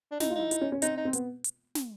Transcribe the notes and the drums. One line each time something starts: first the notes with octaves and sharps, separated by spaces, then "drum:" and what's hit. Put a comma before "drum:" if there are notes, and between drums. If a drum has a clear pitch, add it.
D4
D#4 E4, drum: snare
F4
D#4 E4
E4, drum: hi-hat
C#4
C#4
C4 D#4, drum: hi-hat
D#4
C4
B3, drum: hi-hat
drum: hi-hat
drum: snare